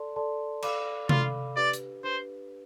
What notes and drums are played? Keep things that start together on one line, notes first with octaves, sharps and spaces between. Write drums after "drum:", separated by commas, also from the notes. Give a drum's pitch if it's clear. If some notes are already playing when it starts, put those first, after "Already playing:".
Already playing: A4 D5 A5 C6
A4 D5 A5 C6
A4 D5 F5 B5 D6, drum: cymbal
F4 A4 D5 F5 B5 D6, drum: tom C3
D4 G4 B4 D5
drum: hi-hat
D4 G4 B4 C5